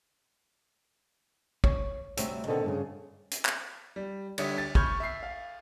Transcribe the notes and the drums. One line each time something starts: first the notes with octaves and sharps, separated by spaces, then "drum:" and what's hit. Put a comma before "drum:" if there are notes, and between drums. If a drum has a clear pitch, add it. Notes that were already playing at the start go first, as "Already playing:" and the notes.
C#5, drum: kick
D2 C3 G3 C4 C#5 E5, drum: hi-hat
B2 D3 D#3 B3 C4 A4
G2 A#2 C#3
drum: hi-hat
drum: clap
G3
D3 G3 G4 C#5 E5 D#6, drum: cymbal
A6
B5 C#6 F6 G6 G#6, drum: kick
E5 C7
F5